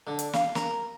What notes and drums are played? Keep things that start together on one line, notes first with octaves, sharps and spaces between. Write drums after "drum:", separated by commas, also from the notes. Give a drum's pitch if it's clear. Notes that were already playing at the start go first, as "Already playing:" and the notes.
D3
drum: hi-hat
F5, drum: snare
A#4, drum: snare